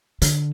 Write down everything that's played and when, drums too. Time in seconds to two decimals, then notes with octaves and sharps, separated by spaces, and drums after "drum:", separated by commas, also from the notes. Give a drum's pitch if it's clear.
0.22 D3, drum: hi-hat